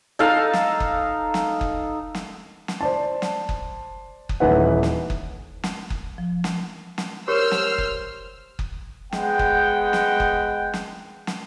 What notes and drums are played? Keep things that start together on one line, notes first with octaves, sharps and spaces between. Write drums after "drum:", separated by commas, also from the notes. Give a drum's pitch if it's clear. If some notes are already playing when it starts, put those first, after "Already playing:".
D#4 A4 F5
drum: snare
drum: kick F#1
drum: snare
drum: kick F#1
drum: snare
drum: snare
C5 D5 A5
drum: snare
drum: kick F#1
drum: kick F#1
D#1 E3 D#4 B4 F#5
drum: snare
drum: kick F#1
drum: snare
drum: kick F#1
F3
drum: snare
drum: snare
G4 A#4 C5 C#5 E6 F6
drum: snare
drum: kick F#1
drum: kick F#1
G#3 B3 F#5 G5, drum: snare
drum: kick F#1
drum: snare
drum: kick F#1
drum: snare
drum: snare